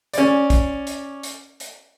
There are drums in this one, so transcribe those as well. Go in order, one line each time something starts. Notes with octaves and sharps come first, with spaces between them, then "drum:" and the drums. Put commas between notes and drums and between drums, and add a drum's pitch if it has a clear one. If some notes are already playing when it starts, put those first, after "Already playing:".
C#4 D5, drum: hi-hat
drum: kick, hi-hat
drum: hi-hat
drum: hi-hat
drum: hi-hat